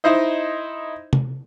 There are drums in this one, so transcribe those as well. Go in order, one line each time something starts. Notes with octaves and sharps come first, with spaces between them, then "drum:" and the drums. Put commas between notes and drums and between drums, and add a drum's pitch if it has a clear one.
D#4 E4 C5 D#5
drum: tom C3